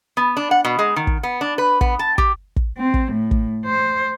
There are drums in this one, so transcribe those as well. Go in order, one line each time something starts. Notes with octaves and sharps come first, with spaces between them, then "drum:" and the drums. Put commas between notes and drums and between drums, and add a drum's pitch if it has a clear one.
B3
D4
F#5
B2
G#3
D#3
drum: kick
B3
D4
B4
B3, drum: kick
A5
G4, drum: kick
drum: kick
C4
drum: kick
A2
drum: kick
C5